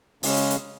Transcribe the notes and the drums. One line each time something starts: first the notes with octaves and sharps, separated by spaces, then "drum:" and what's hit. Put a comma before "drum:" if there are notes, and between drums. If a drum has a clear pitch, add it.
C#3 G#3 C#4, drum: open hi-hat
drum: hi-hat
drum: hi-hat